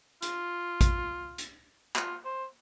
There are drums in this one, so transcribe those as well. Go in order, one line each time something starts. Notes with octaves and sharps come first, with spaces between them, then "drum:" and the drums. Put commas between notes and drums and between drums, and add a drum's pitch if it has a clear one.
F4, drum: hi-hat
drum: kick A1, hi-hat
drum: hi-hat
F4, drum: clap
C5